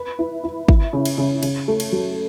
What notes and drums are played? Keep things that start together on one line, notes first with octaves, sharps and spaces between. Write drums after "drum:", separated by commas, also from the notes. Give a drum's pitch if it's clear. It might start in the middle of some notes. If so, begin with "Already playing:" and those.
Already playing: B4
E4
E4
E4, drum: kick
C#3
drum: cymbal
C#3
C#3, drum: cymbal
A3
drum: cymbal
F#3